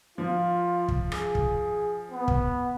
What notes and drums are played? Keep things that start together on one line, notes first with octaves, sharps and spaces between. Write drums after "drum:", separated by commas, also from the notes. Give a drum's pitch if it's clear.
F3 F4
drum: kick
G#4, drum: rim click
drum: kick
B3
drum: kick